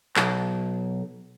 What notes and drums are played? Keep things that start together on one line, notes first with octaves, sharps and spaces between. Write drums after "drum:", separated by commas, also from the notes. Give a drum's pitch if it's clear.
B1, drum: clap